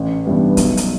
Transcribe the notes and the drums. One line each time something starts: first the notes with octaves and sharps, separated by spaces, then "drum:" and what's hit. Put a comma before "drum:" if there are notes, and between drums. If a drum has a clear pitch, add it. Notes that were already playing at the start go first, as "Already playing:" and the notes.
Already playing: A1
G2 E3 G3 B3
B1, drum: kick, hi-hat
drum: hi-hat